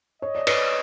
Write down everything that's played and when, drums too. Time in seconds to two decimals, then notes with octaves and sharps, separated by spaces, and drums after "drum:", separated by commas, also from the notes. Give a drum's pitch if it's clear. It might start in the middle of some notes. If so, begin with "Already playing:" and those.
0.22 C#5 D#5
0.35 D5
0.47 B4 C#5, drum: cymbal